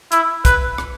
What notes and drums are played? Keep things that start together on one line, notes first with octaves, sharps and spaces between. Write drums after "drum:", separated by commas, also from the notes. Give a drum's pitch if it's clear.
E4, drum: hi-hat
B4, drum: kick, hi-hat
drum: rim click